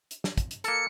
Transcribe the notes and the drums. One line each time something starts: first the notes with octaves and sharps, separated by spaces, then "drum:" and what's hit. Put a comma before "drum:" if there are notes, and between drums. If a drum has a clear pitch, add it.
drum: hi-hat
drum: snare
drum: kick, hi-hat
drum: hi-hat
A#3 A4 C#7, drum: hi-hat